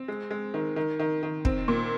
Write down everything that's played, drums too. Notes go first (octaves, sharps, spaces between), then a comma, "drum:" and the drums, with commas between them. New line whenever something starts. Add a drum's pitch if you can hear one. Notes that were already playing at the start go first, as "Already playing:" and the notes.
Already playing: C4
G#3
G#3
D#3
D#3
D#3
D#3
C4, drum: kick
A#2